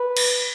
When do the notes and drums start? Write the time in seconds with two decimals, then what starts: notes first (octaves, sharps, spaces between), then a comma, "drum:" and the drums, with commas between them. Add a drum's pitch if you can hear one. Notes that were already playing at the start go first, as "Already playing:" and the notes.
Already playing: B4
0.17 drum: cymbal